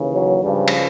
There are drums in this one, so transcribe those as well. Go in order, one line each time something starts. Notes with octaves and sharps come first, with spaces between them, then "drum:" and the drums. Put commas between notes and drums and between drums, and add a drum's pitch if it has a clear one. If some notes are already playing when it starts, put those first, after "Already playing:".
Already playing: D#2 C#3 E3
F#3
C#2 G2 C#3 F3 G3
drum: cymbal